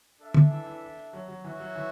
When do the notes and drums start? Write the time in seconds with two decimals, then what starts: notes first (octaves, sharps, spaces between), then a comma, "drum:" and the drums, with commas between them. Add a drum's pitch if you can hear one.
0.20 D4 A4 E5
0.34 drum: tom D3
0.51 E3
0.66 E3
1.13 F#3
1.28 F#3
1.44 E3 F#4 C#5 E5
1.60 F#3
1.75 E3